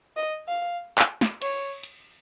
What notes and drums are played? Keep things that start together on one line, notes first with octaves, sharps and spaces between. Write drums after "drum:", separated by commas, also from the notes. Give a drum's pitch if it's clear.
D#5
F5
drum: clap
drum: snare
C#5, drum: cymbal
drum: hi-hat